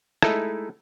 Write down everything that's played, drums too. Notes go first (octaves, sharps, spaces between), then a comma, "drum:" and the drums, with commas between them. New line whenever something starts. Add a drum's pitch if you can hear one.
G#3 A3 D#4 E4 A4, drum: rim click